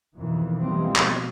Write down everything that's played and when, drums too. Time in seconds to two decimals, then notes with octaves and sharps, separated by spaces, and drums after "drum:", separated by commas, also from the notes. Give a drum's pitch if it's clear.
0.17 F2 B2 D#3 E3
0.62 E3 F3 G3 G#3 A#3 C4
0.95 B2, drum: clap